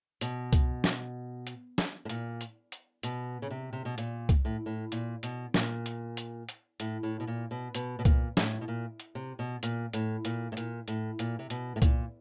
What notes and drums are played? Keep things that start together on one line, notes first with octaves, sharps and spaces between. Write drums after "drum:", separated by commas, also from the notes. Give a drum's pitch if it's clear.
B2, drum: hi-hat
drum: kick C2, hi-hat
drum: snare
drum: hi-hat
drum: snare
A2
A#2, drum: hi-hat
drum: hi-hat
drum: hi-hat
B2, drum: hi-hat
C#3
C3
C3
B2
A#2, drum: hi-hat
drum: kick C2, hi-hat
A2
A2
A#2, drum: hi-hat
B2, drum: hi-hat
A#2, drum: snare
drum: hi-hat
drum: hi-hat
drum: hi-hat
A2, drum: hi-hat
A2
B2
A#2
B2
B2, drum: hi-hat
B2
A#2, drum: kick C2, hi-hat
A2, drum: snare
B2
A#2
drum: hi-hat
C3
B2
A#2, drum: hi-hat
A2, drum: hi-hat
A#2, drum: hi-hat
A2
A#2, drum: hi-hat
A2, drum: hi-hat
A#2, drum: hi-hat
C3
B2, drum: hi-hat
A2
A#2, drum: kick C2, hi-hat